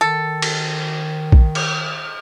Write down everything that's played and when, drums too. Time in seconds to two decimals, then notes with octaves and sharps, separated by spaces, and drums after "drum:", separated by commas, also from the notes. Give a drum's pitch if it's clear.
0.01 D#3 A4
0.42 drum: cymbal
1.32 drum: kick A#1
1.55 drum: cymbal